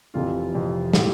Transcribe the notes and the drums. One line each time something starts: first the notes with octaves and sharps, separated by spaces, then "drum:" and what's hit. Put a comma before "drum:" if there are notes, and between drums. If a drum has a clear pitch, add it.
F1 F2 C3 E3 F4
F1 F2 C3 E3
A2 F3 G4, drum: snare